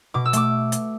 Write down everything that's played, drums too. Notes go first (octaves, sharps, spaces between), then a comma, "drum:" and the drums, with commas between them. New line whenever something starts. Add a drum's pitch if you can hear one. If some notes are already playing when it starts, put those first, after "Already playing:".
B2 D6
E6
A3 D6, drum: hi-hat
drum: hi-hat